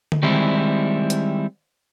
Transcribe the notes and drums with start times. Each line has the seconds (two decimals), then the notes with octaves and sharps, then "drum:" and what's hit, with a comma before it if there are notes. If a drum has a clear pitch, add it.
0.12 drum: tom D3
0.23 D#3 G3 G#3 C4 E4
1.10 drum: hi-hat